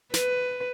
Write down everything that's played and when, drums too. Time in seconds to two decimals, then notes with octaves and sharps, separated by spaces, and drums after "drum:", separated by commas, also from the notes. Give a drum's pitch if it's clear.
0.14 B4, drum: snare